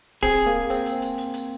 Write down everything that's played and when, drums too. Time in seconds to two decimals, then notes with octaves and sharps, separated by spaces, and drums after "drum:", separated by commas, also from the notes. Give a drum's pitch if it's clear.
0.23 C4 G#4, drum: kick D1, hi-hat
0.46 A#3
0.70 C4, drum: hi-hat
0.86 drum: hi-hat
1.02 drum: hi-hat
1.18 drum: open hi-hat
1.34 drum: hi-hat